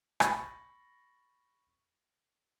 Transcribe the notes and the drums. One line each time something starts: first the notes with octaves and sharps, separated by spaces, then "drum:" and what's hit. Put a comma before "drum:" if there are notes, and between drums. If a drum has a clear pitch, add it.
B5 C#6 A6 A#6, drum: rim click